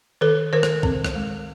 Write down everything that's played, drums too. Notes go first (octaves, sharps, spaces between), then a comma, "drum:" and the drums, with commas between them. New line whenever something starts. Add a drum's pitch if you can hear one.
D#3 A4 B4
D#3 A#4 C5
drum: rim click
C4, drum: kick
drum: rim click
G#3